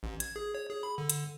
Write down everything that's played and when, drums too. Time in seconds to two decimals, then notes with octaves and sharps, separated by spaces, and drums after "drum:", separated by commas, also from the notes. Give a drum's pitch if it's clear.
0.03 A1
0.20 G#6, drum: hi-hat
0.36 G#4
0.55 C#5
0.70 G#4
0.83 B5
0.98 D3
1.10 drum: hi-hat